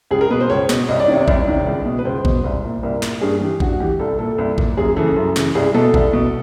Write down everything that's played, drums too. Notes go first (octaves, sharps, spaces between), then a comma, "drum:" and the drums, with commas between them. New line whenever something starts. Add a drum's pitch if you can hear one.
C#2 G#4
A#4
B2 B4
C5
C#2 C#5
B2, drum: snare
C2 D#5
D5
C3 D#3 C#5
D5
C2, drum: kick
C3 D#3
C#2
B2
B4
C#2 C5
B2, drum: kick
C2
A#2
C2 A#4
A#2, drum: snare
G2 G#4
E3 G4
G2 F#4, drum: kick
E3 G4
C2 A4
A#2 A4
C2
A#2, drum: kick
F#2 G#4
C#3 E3 A4
F#2
C#3 E3, drum: snare
C2 G#4
B2 A4
C2, drum: kick
B2